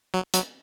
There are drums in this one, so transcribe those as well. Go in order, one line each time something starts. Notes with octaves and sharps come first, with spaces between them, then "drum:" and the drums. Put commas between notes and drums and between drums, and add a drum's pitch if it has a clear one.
F#3
F#3, drum: hi-hat